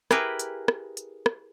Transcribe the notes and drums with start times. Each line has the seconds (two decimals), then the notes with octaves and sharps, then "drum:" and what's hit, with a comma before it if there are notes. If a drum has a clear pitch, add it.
0.11 E4 G4 G#4 A#4 B4, drum: rim click
0.39 drum: hi-hat
0.68 drum: rim click
0.97 drum: hi-hat
1.26 drum: rim click